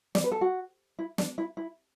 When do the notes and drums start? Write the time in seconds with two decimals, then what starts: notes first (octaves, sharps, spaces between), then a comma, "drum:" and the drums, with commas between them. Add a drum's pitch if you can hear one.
0.15 D5, drum: snare
0.24 B4
0.31 A4
0.41 F#4
0.99 E4
1.18 D4, drum: snare
1.38 E4
1.57 E4